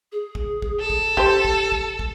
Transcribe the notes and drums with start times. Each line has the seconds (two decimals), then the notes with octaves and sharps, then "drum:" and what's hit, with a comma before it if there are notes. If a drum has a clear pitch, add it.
0.12 G#4
0.35 drum: kick
0.62 drum: kick
0.80 A4
0.90 drum: kick
1.17 G4 C5 A5, drum: kick
1.45 drum: kick
1.72 drum: kick
1.99 drum: kick